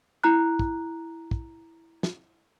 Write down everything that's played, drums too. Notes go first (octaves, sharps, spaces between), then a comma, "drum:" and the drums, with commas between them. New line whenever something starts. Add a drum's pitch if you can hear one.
E4 A#5 F#6
drum: kick
drum: kick
drum: snare